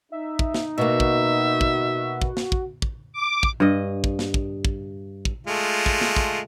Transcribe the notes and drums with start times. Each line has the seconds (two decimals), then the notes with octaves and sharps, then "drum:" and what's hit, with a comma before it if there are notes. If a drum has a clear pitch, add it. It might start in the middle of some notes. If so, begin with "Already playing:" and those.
0.12 D#4 E5
0.39 drum: kick
0.54 drum: snare
0.78 B2 A#3 F#4 E5
1.00 drum: kick
1.61 drum: kick
2.22 drum: kick
2.37 drum: snare
2.52 drum: kick
2.82 drum: kick
3.13 D6
3.43 drum: kick
3.60 G2 D#5
4.04 drum: kick
4.19 drum: snare
4.34 drum: kick
4.65 drum: kick
5.25 drum: kick
5.47 G#3 A3 F4
5.86 drum: kick
6.01 drum: snare
6.16 drum: kick